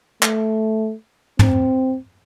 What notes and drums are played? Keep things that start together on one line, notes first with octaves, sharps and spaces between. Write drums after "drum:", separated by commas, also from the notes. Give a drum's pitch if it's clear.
A3, drum: clap
C4, drum: tom